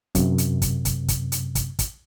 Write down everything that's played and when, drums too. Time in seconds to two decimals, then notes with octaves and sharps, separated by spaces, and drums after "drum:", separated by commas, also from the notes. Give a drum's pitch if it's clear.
0.15 F#2 C3, drum: kick, hi-hat
0.38 drum: hi-hat
0.62 drum: kick, hi-hat
0.85 drum: kick, hi-hat
1.08 drum: kick, hi-hat
1.32 drum: hi-hat
1.55 drum: kick, hi-hat
1.79 drum: kick, hi-hat